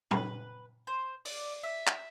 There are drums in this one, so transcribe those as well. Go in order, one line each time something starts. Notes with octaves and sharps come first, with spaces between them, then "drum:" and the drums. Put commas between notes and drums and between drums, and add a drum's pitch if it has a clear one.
B4, drum: tom
C5
D5, drum: open hi-hat
E5
drum: clap